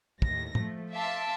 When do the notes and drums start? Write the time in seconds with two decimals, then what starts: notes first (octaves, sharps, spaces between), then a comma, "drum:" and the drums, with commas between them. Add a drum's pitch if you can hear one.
0.22 D#2 A2 A#6, drum: kick
0.55 F3 A3, drum: tom A2
0.93 E5 F5 A5 C6 D6 E6